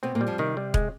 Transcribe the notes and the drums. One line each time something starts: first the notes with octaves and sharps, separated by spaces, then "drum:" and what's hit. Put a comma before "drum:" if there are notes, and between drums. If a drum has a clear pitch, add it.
B2 B3 C4
A#2 A#3
G3
F2 F3
C3 D#3
G3
G#3, drum: kick E1